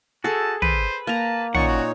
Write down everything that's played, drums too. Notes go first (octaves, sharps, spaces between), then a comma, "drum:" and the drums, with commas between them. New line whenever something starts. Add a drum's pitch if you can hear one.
F#4 G#4 A4 A5
B4 C5, drum: tom
A#3 A5 A#5
A#2 C#4 D#4 C#5 D5 F#5 C#6, drum: tom
F#4